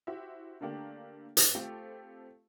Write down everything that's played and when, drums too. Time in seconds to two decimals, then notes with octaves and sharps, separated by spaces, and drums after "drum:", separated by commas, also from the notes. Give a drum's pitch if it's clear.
0.07 E4 F#4 G4 C5 E5
0.61 D3 A3 A#3 D4 G4 A#4
1.37 drum: hi-hat
1.55 A3 C4 F4 G4 A4